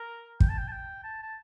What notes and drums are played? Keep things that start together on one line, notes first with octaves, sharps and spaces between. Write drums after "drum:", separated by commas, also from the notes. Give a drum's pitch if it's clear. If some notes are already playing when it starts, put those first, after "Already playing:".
Already playing: A#4
G5, drum: kick
A5
G5
A5
G5
A5
A5